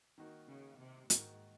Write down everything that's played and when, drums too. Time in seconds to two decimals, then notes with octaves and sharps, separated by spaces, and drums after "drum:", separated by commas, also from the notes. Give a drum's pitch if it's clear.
0.18 D#3 A#3 D#4 F#4 A#4
0.48 C#3
0.79 C3
1.10 G#2 D#3 A#3 D#4 F#4 A#4, drum: hi-hat